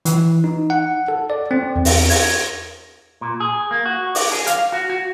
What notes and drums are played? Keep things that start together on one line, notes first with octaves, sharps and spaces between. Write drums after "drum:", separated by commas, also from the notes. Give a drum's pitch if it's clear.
E3, drum: hi-hat
D#4
F#5
A4
D5
C4
E2
drum: open hi-hat
G#6, drum: open hi-hat
A#2
G#4
A#3
F#4
D5, drum: open hi-hat
G#4
F5, drum: hi-hat
F#4
F#4